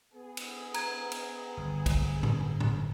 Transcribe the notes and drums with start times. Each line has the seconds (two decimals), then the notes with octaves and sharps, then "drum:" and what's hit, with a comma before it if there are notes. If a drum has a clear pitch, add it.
0.13 B3 G#4
0.37 drum: cymbal
0.74 A#5 G#6, drum: cymbal
1.12 drum: cymbal
1.57 G1
1.86 drum: kick, cymbal
2.23 drum: tom
2.60 drum: tom